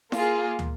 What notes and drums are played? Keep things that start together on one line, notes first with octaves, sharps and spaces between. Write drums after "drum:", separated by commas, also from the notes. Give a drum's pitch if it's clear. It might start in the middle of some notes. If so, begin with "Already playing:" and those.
A#3 F4 G#4, drum: snare E4
drum: tom